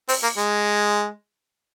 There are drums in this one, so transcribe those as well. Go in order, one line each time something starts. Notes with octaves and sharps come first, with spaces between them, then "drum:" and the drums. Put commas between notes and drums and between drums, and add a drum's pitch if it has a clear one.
C4, drum: open hi-hat
A#3
G#3